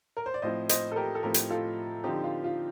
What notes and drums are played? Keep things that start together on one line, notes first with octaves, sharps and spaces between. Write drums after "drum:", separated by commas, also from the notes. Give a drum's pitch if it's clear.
A#4
C5
D5
A2 F3 C4 C5 D#5
C5 D#5, drum: hi-hat
A4
G4 A#4
A4
A2 F3 C4 G4 A#4
drum: hi-hat
F4 A4
D3 F3 C4 D#4 G4
F4
F4